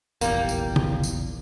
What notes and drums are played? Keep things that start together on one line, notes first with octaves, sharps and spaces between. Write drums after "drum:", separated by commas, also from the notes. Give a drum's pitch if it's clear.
F1 A#1 E2 G3 A#3, drum: tambourine
drum: tambourine
drum: tom C#3
drum: tambourine